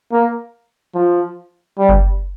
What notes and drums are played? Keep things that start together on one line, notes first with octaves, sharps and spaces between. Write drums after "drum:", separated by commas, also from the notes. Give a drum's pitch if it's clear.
A#3
F3
G3
drum: kick F#1